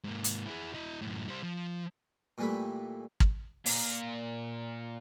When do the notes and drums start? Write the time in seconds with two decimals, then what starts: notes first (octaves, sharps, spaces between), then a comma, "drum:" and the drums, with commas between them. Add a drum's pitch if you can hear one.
0.04 G#2 A#3
0.24 drum: hi-hat
0.46 E4 G#4
0.74 E4 D#5
1.02 F#2 A2
1.28 G3 C5
1.43 F3
2.38 A#2 E3 G3 A3 B5
3.20 drum: kick
3.66 A#2 A#4, drum: open hi-hat